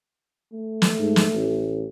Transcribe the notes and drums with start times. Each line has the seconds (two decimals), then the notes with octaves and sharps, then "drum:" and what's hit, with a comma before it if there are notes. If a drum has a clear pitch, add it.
0.53 A3
0.82 drum: snare
0.99 G#2
1.16 drum: snare
1.34 A1